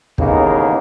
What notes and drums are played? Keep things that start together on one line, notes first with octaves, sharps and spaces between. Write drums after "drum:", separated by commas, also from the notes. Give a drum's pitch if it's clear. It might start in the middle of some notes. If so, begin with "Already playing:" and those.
A1 D#2 C#3 A#3 B3 D#4, drum: kick